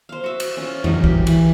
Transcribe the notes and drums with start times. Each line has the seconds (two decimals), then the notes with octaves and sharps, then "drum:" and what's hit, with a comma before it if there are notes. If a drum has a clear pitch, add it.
0.09 C5 F5
0.24 F#4 E5
0.40 drum: cymbal
0.57 C#4 F4
0.84 E3 F#3 D#4 F4, drum: tom F2
1.04 G4, drum: kick
1.27 E3 B5, drum: cymbal